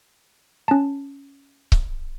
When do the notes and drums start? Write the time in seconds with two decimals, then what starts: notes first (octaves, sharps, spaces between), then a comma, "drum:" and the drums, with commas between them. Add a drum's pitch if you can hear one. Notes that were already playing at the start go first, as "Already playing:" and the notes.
0.68 C#4 A5
1.72 drum: kick C#1